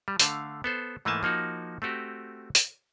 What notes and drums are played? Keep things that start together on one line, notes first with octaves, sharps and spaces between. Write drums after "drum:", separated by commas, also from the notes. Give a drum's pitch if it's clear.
G3
D3 A3 F5, drum: hi-hat
B3 A4 C5
G#2 E3 A3 A#3 G#5 A5
F3 A#3 D#4 F#4
A3 C4 F#4 G4
drum: hi-hat